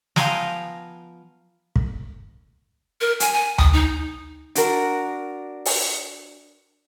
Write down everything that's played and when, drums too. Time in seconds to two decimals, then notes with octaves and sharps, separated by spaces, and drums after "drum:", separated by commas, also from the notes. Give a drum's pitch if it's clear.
0.16 F3 B3 F5 G5 G#5 A#5, drum: snare
1.76 drum: kick
3.01 A#4
3.20 G#5, drum: hi-hat
3.33 G#5
3.58 D#6, drum: tom D2
3.73 D#4
4.55 D4 F#4 A#4, drum: hi-hat
5.65 drum: open hi-hat